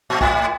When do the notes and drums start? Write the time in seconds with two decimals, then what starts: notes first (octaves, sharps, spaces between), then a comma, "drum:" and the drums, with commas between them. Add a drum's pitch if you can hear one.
0.10 A#2
0.21 A2, drum: kick